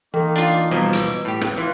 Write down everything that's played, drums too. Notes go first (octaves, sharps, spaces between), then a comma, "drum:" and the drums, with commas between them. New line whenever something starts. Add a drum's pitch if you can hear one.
E3 A#3 D#4
D4 F4
B2 F3 G3
B4, drum: hi-hat
A2 G4
drum: rim click
E3 F4